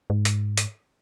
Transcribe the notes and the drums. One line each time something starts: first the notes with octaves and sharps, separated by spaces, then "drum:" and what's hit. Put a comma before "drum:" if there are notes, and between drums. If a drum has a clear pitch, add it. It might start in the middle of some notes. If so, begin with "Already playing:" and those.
G#2
drum: hi-hat
drum: hi-hat